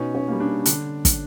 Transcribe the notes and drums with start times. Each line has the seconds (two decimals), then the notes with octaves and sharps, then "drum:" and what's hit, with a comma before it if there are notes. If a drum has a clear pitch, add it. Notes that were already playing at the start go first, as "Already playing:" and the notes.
Already playing: B2 C#4 D#4
0.15 C#4
0.28 G3 A#3
0.40 D4
0.65 D3 D4, drum: hi-hat
1.05 drum: kick, hi-hat